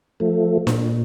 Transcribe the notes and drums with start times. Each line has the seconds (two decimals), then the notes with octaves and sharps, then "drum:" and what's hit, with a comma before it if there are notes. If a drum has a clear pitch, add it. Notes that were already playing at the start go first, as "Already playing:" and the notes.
0.20 F3 A3
0.67 A#2, drum: snare D4